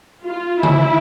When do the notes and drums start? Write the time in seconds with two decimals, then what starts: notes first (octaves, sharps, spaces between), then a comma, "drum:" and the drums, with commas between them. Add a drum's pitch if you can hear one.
0.24 F4
0.63 E4, drum: tom C#3